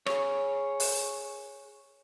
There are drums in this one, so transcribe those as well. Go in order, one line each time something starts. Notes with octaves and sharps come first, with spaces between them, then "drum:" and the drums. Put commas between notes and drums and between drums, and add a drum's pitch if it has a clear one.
G#4 C#5, drum: rim click
drum: open hi-hat